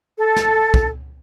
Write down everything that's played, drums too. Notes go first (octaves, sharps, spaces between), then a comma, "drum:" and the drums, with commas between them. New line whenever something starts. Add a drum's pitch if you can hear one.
A4
drum: snare
drum: kick